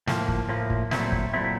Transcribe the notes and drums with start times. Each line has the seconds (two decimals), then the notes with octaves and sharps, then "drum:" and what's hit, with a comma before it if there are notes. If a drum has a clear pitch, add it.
0.07 A2 F3 A#3, drum: snare
0.28 drum: kick
0.49 A2 F3 A#3
0.70 drum: kick
0.91 A#2 F#3 A3 C4 E4, drum: snare
1.12 drum: kick
1.34 A#2 F#3 A3 C4 E4